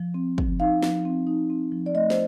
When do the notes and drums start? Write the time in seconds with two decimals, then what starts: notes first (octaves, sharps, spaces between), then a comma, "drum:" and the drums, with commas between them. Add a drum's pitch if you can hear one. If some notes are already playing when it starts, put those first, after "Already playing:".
Already playing: F3
0.14 C4
0.38 F3, drum: kick
0.60 D#4 F5
0.82 F3, drum: snare
1.05 C4
1.27 D#4
1.50 C4
1.72 F3
1.86 D5
1.95 A3 D#5
2.10 C5, drum: snare